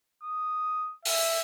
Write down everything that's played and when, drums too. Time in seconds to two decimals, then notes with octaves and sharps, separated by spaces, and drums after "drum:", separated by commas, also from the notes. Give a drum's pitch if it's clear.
0.24 D#6
1.05 E5, drum: open hi-hat